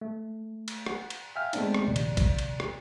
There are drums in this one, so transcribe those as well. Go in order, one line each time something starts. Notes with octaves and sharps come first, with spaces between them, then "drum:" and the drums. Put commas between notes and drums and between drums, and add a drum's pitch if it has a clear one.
A3
drum: cymbal
F#5, drum: rim click
drum: cymbal
E5 F5 G5 G#5 F6
G#3 A3 B3 C4 D4 D#4, drum: cymbal
drum: rim click
A#1 D#2 C3 D5
drum: cymbal
drum: kick, cymbal
drum: cymbal
drum: rim click